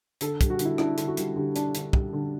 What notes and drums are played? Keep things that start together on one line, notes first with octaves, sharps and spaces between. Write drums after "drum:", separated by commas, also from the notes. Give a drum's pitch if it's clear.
D3 A4, drum: hi-hat
G3, drum: kick, hi-hat
F#4
D3, drum: hi-hat
E4
D4 E4, drum: rim click
D3, drum: hi-hat
F#4
G3, drum: hi-hat
D3 G4
D4, drum: hi-hat
D3, drum: hi-hat
G3, drum: kick
D3